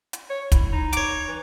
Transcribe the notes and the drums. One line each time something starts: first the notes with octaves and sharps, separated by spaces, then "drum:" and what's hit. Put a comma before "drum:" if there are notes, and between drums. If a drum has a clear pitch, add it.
drum: hi-hat
C#5
E4, drum: kick, hi-hat
D#4
C#5 D6, drum: hi-hat
E3